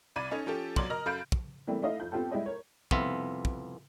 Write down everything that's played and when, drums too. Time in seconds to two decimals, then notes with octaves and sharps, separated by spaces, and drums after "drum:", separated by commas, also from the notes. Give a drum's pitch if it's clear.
0.16 C2 D5 B5 G#6 D#7
0.31 C#4 D#4 A4
0.46 F3 C#4 G4 A4
0.76 F1 B1 F#3 D5 C6 F#7, drum: kick
0.90 A#4 D#5 A#5 F6
1.06 F#2 A4 F5 B5 G6 D7
1.32 drum: kick
1.67 E3 G3 A3 A#3 C4
1.82 A3 D#4 E4 D#5 F5
2.00 F2 G6
2.12 B3 C4 F4 G4 A4
2.31 G3 G#3 E4 G4 D#5
2.46 A#4 C#5
2.91 C2 F2 B3 F4 E5, drum: kick
3.45 drum: kick